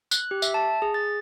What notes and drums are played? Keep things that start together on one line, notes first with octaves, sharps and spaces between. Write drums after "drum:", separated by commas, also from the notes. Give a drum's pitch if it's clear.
F#6, drum: tambourine
G4
E5, drum: tambourine
A5
G#4
A6